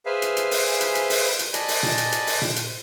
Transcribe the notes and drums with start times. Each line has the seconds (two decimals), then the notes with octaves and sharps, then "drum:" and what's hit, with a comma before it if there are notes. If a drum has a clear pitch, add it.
0.06 G#4 B4 C5 E5 F5 G#5
0.22 drum: hi-hat
0.37 drum: hi-hat
0.51 drum: open hi-hat
0.81 drum: hi-hat
0.95 drum: hi-hat
1.10 drum: open hi-hat
1.39 drum: hi-hat
1.54 D5 D#5 G#5 A5 B5, drum: hi-hat
1.68 drum: open hi-hat
1.83 drum: tom A#2
1.98 drum: hi-hat
2.12 drum: hi-hat
2.27 drum: open hi-hat
2.42 drum: tom A#2
2.56 drum: hi-hat